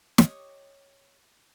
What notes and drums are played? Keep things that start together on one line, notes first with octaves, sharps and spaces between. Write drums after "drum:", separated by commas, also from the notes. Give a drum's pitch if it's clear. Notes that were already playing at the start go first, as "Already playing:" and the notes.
G4 C#5 D#5, drum: snare